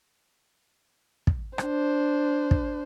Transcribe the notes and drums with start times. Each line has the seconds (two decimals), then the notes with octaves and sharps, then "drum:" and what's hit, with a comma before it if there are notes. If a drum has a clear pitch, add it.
1.27 drum: kick
1.58 D4 C5, drum: rim click
2.51 drum: kick